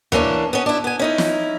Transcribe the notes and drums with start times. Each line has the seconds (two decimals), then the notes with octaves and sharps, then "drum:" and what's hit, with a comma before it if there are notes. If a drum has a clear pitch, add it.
0.12 E3 A#3 C#4 D4, drum: tom D#2
0.53 B3 C#4
0.66 D4 E4
0.84 B3 G#5
0.99 C#4 D#4 E4
1.18 drum: snare